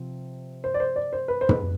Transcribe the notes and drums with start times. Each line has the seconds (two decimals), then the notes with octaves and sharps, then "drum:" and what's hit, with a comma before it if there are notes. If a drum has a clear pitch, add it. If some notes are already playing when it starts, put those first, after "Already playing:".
Already playing: C3 F3 C4
0.64 C5
0.74 D5
0.80 C5
0.96 D5
1.13 C5
1.28 B4
1.41 C5
1.49 B4, drum: tom